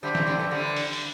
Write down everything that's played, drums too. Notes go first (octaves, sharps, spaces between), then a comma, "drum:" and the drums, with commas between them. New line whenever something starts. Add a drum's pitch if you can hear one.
D3 G3 D4 C5 E5 G5
E3 A3, drum: snare
D3 G3
E3 A3
D3 G3
drum: open hi-hat
drum: open hi-hat